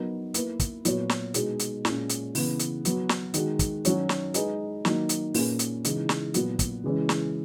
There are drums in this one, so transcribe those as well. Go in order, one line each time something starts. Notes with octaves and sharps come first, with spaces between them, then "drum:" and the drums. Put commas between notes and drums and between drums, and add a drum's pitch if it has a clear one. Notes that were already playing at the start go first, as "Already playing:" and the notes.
Already playing: F#3 B3 D#4 A#4
A#3 E4 B4, drum: hi-hat
drum: kick, hi-hat
A#2 F#3 B3 F#4 C#5, drum: hi-hat
drum: snare
B2 G#3 D#4 G#4, drum: hi-hat
drum: hi-hat
A#2 G#3 C#4, drum: snare
drum: hi-hat
C#3 E3 B3, drum: open hi-hat
drum: hi-hat
F#3 B3 F#4, drum: hi-hat
drum: snare
D#3 G#3 D#4 F#4, drum: hi-hat
drum: kick, hi-hat
D#3 F#3 C#4 F#4 C#5, drum: hi-hat
drum: snare
G#3 D#4 G#4 B4, drum: hi-hat
D#3 F#3 A#3 D#4, drum: snare
drum: hi-hat
A#2 A#3 C#4 G#4 B4, drum: open hi-hat
drum: hi-hat
C#3 E3 G#3 D#4, drum: hi-hat
drum: snare
A#2 F#3 B3 F#4, drum: hi-hat
drum: kick, hi-hat
C#3 E3 G#3 C#4
drum: snare